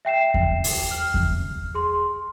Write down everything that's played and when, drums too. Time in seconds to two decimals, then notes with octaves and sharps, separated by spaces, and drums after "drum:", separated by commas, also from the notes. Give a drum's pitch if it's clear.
0.05 E5 G5 C7 E7
0.34 drum: kick E2
0.64 drum: open hi-hat
0.91 F6
1.14 drum: kick E2
1.74 G#4 C6